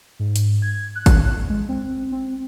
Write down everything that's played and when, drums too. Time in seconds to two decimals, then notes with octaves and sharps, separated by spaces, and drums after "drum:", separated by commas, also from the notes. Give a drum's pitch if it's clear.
0.19 G#2
0.36 drum: hi-hat
0.62 G#6
0.95 F#6
1.06 drum: kick G#1, hi-hat
1.49 G#3
1.69 C4
2.12 C4